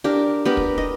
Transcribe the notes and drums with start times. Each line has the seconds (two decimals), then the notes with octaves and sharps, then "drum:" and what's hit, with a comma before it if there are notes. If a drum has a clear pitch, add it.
0.04 D4 G4 A#4
0.45 B3 G4 A#4
0.57 drum: kick
0.78 D#5